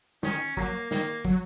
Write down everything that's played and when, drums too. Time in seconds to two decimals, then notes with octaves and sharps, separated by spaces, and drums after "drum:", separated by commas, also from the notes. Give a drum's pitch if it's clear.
0.23 D#3 C#4, drum: snare
0.57 F#3 A#3, drum: kick
0.91 D#3 A#3, drum: snare
1.25 F#3, drum: kick